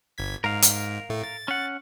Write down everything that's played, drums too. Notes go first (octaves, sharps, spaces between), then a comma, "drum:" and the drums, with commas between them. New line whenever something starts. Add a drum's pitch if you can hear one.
G1 G#6 B6
G#2 A#4 F5
drum: hi-hat
A2 A3
A6
C#4 F#5